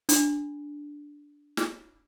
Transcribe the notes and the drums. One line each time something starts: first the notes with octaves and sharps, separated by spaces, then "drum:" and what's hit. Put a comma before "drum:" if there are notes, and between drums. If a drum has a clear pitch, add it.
D4, drum: hi-hat
drum: snare